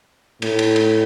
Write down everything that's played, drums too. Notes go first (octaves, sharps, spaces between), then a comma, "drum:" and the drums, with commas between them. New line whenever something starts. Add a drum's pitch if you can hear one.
A2, drum: cymbal
drum: cymbal
drum: cymbal